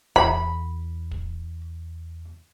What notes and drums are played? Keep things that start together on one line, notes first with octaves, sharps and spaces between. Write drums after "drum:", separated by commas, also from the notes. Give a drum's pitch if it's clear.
E2 B5, drum: kick
drum: kick